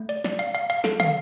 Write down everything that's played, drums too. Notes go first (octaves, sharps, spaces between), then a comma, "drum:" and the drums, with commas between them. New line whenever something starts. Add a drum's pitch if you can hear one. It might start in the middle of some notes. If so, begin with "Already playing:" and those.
Already playing: A3
D5, drum: hi-hat
D5, drum: snare
F5, drum: hi-hat
F5, drum: hi-hat
F5, drum: hi-hat
A4, drum: snare
F5, drum: tom